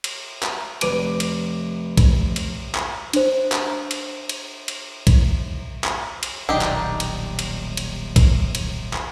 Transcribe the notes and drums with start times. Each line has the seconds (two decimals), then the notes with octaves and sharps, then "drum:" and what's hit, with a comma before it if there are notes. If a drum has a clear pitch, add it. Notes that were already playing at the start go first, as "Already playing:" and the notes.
0.04 drum: cymbal
0.43 drum: clap
0.81 F1 B4 D6 D7 D#7, drum: cymbal
1.20 drum: cymbal
1.97 drum: kick B1, cymbal
2.36 drum: cymbal
2.75 drum: clap
3.13 D4 C5, drum: cymbal
3.52 drum: clap
3.91 drum: cymbal
4.29 drum: cymbal
4.68 drum: cymbal
5.07 drum: kick B1, cymbal
5.84 drum: clap
6.23 drum: cymbal
6.49 D#1 B1 D4 D#4 G4
6.61 drum: clap
7.00 drum: cymbal
7.39 drum: cymbal
7.77 drum: cymbal
8.16 drum: kick B1, cymbal
8.55 drum: cymbal
8.93 drum: clap